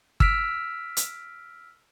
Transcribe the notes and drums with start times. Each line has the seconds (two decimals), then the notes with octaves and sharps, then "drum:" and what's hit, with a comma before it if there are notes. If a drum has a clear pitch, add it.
0.20 E6 F6 B6 D7, drum: kick G1
0.97 drum: hi-hat